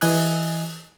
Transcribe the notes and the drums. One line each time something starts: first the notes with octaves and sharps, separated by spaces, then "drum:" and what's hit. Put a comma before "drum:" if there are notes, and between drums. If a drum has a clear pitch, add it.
E3 D#5 G#5 D#6 F#6, drum: open hi-hat